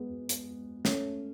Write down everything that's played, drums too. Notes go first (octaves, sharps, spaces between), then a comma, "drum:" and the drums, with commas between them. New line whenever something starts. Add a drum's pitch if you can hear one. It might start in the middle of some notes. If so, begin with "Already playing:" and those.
Already playing: G#3 B3
drum: hi-hat
A3 C#4, drum: snare